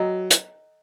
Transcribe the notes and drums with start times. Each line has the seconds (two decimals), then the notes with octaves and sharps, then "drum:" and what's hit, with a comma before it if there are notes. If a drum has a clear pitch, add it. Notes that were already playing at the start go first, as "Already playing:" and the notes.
Already playing: F#3 A4 D#5 G5 A#5
0.30 drum: hi-hat